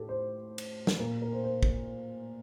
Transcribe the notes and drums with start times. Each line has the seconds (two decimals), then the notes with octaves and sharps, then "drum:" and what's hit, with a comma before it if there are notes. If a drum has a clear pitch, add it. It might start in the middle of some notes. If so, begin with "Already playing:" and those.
Already playing: A2 G4 A4
0.09 C5
0.58 drum: cymbal
0.87 drum: snare
0.99 A#2 A#4
1.22 A#4
1.33 C5
1.44 C5
1.63 drum: kick